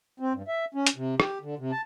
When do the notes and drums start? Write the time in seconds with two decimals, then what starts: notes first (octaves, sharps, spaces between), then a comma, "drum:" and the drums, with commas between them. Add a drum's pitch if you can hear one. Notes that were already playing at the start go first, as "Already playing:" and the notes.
0.20 C4
0.33 G2
0.48 E5
0.75 C#4
0.87 drum: hi-hat
0.96 C3
1.20 G4, drum: rim click
1.42 D3
1.58 C3
1.72 A5